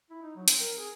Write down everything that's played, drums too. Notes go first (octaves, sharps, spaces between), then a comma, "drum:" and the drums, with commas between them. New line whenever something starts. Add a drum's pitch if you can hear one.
E4
D#4
F#3
C4, drum: hi-hat
A#4
G#4